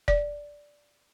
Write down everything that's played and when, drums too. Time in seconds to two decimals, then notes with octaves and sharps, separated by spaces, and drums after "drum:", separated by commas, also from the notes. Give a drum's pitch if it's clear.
0.08 D5, drum: kick F1